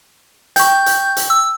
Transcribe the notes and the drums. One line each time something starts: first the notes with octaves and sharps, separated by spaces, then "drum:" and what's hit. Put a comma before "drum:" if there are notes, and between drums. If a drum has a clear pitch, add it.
G5 C#6 G6, drum: hi-hat
drum: hi-hat
drum: hi-hat
E6